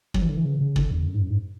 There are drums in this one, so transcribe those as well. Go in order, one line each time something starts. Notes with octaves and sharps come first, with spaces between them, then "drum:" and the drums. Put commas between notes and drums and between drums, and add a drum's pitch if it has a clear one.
F#3, drum: kick
E3
D3
E3
C#3
C#3
D3, drum: kick
E2
F#2
G#2
F#2
G#2